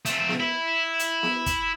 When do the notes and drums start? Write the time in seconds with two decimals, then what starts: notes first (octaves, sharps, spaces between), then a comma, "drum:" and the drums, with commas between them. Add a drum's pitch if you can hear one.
0.06 A3 C4, drum: hi-hat
0.29 drum: snare B3
0.40 E4
0.99 drum: hi-hat
1.23 drum: snare B3
1.46 drum: kick, hi-hat